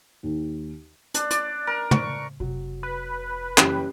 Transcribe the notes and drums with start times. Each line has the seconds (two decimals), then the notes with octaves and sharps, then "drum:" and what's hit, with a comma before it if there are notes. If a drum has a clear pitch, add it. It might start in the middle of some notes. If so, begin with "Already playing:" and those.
0.23 D#2
1.14 D4, drum: hi-hat
1.31 D5, drum: hi-hat
1.67 A#4
1.91 C#6, drum: tom
2.40 F1 C3 F#3
2.83 B4
3.58 F#1 E3 C#4 G4 G5, drum: clap